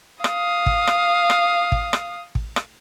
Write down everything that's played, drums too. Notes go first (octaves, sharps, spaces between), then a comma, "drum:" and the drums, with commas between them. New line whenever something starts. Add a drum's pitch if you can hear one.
F5 D#6, drum: rim click
drum: kick
drum: rim click
drum: rim click
drum: kick
drum: rim click
drum: kick
drum: rim click